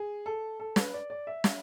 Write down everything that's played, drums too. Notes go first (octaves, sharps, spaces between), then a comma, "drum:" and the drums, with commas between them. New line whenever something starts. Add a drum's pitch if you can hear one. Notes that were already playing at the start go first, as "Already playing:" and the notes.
Already playing: G#4
A4
A4
B4, drum: snare
D5
D5
E5
drum: snare